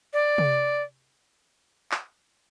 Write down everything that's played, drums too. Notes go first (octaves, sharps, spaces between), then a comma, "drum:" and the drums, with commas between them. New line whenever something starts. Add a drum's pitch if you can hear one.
D5
drum: tom C3
drum: clap